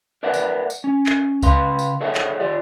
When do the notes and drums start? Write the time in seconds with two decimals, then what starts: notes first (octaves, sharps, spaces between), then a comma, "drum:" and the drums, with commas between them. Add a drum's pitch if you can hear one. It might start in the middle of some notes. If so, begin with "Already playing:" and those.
0.23 A#4 B4 D5 E5 F#5
0.34 drum: tambourine
0.70 drum: tambourine
0.84 C#4
1.06 drum: clap
1.42 C#3 B4 F5 C6, drum: kick C#2, tambourine
1.79 drum: tambourine
2.01 G#4 A4 C#5 D#5 E5 F#5
2.15 drum: clap
2.40 F4 G4 D5